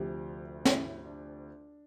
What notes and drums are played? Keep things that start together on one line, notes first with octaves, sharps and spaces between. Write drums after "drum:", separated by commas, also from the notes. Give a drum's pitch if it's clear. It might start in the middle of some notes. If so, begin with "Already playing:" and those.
Already playing: D2 C3 F3 G4
E4, drum: snare
D4